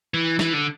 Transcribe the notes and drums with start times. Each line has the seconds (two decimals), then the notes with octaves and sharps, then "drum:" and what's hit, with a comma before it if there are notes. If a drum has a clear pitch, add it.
0.14 E3
0.39 E3, drum: snare
0.53 D3